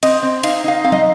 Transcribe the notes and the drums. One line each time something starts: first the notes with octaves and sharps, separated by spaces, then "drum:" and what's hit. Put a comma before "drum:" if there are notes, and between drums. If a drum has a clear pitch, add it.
C4 D#5, drum: cymbal
C4
D#4 F5, drum: cymbal
D#4 F5
C4 F5
D#5, drum: tom